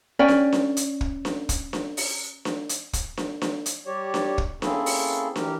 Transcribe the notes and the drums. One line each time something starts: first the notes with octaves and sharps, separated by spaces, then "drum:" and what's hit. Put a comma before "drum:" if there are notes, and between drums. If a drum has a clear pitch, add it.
C#4 D5 G5 G#5
drum: snare D4
drum: snare D4
drum: hi-hat
drum: kick
drum: snare D4
drum: kick, hi-hat
drum: snare D4
drum: open hi-hat
drum: snare D4
drum: hi-hat
drum: kick, hi-hat
drum: snare D4
drum: snare D4
drum: hi-hat
G3 G4 C#5 D5
drum: snare D4
drum: kick
A#3 C4 C#4 E4 G#4 A4, drum: snare D4
drum: open hi-hat
E3 G4 A#4, drum: snare D4